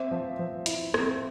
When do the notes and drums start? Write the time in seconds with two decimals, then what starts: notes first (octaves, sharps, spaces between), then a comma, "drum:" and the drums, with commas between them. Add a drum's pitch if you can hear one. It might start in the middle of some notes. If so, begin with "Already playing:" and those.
Already playing: C4 E5
0.11 F3
0.39 F3
0.66 E4, drum: hi-hat
0.94 C4, drum: rim click